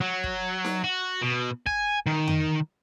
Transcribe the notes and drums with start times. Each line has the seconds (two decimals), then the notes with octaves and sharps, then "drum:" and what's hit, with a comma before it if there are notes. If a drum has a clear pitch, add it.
0.01 F#3
0.24 drum: kick
0.65 drum: snare D#4
0.84 F#4
1.22 B2
1.66 G#5, drum: kick
2.06 D#3
2.28 drum: tom F2